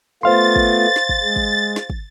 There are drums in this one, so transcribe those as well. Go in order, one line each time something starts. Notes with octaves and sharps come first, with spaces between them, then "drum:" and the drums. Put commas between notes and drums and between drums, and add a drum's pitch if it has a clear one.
A3 B3 F4 C5 F5 C6 A6
drum: kick
drum: snare
drum: kick
G#3
drum: kick
drum: snare
drum: kick